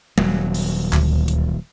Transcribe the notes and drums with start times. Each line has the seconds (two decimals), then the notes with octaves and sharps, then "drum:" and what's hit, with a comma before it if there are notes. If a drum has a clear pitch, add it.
0.18 D#1 F#3, drum: tom
0.54 drum: open hi-hat
0.93 D2, drum: clap
1.28 drum: hi-hat